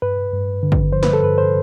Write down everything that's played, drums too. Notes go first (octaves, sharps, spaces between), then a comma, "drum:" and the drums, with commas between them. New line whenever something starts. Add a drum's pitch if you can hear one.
G2 B4
G2
D3
drum: kick
F3 C5
B4, drum: snare
A4
G2 B4
C5